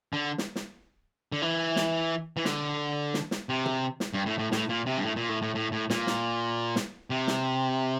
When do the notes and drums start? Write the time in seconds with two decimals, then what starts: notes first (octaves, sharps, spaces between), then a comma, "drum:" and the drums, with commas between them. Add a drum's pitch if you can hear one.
0.13 D3
0.38 drum: snare
0.56 drum: snare
1.32 D3
1.42 E3
1.76 drum: snare
2.37 E3
2.45 D3, drum: snare
3.14 drum: snare
3.31 drum: snare
3.49 C3
3.66 drum: tom
4.00 drum: snare
4.13 G2
4.26 A2
4.39 A2
4.52 A2, drum: snare
4.69 A#2
4.86 C3
4.98 G2
5.03 A2
5.16 A#2
5.29 A2
5.42 A2
5.55 A2
5.72 A2
5.90 A#2, drum: snare
6.07 drum: snare
6.76 drum: snare
7.10 C3
7.27 drum: snare